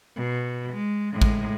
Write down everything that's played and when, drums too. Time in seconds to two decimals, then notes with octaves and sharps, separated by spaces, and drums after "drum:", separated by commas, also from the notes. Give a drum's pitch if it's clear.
0.16 B2
0.73 G#3
1.12 A2 G#3
1.21 drum: kick